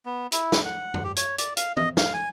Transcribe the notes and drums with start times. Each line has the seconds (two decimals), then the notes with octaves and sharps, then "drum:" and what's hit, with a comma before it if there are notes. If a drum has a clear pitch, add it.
0.05 B3
0.32 E4, drum: hi-hat
0.52 drum: snare
0.65 F#5
0.94 drum: tom F#2
1.04 G4
1.16 C#5, drum: hi-hat
1.38 D5, drum: hi-hat
1.57 F5, drum: hi-hat
1.77 D#5, drum: tom
1.97 F5, drum: snare
2.13 G#5